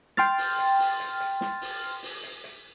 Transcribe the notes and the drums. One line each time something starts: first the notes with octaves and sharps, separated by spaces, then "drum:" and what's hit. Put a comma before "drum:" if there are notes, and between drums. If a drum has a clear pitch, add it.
G5 C6 F6 A6, drum: snare
drum: open hi-hat
drum: hi-hat
drum: open hi-hat
drum: hi-hat
drum: hi-hat
drum: snare
drum: open hi-hat
drum: open hi-hat
drum: hi-hat
drum: hi-hat